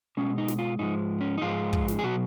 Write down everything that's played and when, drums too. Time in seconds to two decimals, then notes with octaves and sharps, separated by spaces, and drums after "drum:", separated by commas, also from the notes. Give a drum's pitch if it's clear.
0.17 B2 G#3 C#4
0.38 D#4
0.48 drum: snare
0.59 F4
0.79 G#2 F3 G#3 D#4
1.21 C#4
1.37 D#4
1.42 G#2 F3 G#3 F4
1.73 drum: kick
1.88 drum: snare
1.99 G#4
2.03 B2 F#3 F#4